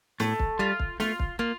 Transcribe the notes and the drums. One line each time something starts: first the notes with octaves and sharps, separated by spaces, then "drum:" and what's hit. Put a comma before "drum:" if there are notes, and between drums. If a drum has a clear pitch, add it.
A2 A3, drum: snare
drum: kick
G3 F4
drum: kick
A3 F4, drum: snare
drum: kick
A#3 F4